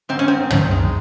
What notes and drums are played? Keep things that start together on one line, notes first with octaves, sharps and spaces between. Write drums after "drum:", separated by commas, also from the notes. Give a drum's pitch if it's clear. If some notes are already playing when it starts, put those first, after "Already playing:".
G#2 C4
C#4
G#2 C4
D#3, drum: tom
G#3